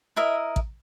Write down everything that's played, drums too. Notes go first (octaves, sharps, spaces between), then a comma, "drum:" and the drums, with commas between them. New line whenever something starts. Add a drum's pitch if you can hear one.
E4 A#4 D#5 E5
drum: kick